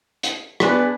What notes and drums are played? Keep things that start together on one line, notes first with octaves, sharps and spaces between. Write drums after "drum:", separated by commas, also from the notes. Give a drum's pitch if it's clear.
drum: hi-hat
B3 D4 G#4, drum: rim click